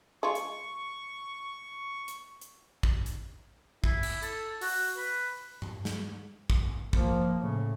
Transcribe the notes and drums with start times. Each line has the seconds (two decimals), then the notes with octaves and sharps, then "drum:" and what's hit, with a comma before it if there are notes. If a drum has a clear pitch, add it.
0.23 G#3 F4 C#6
0.35 drum: hi-hat
2.08 drum: hi-hat
2.41 drum: hi-hat
2.83 drum: kick
3.06 drum: hi-hat
3.84 E4, drum: kick
4.03 drum: cymbal
4.23 A4, drum: hi-hat
4.61 F#4, drum: open hi-hat
4.97 B4
5.62 drum: tom G2
5.85 drum: snare
6.50 drum: kick
6.93 F3 A#3, drum: kick
7.41 A2 C#3